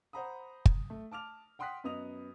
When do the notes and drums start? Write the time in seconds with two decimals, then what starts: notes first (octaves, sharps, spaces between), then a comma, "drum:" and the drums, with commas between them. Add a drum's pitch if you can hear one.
0.13 C5 F#5 A#5 B5 D#6
0.66 drum: kick
0.90 A3
1.11 A5 D6 F6 F7
1.59 F#5 G5 C6 D#6 F#6 B6
1.84 F#2 B3 D#5 D#6 F7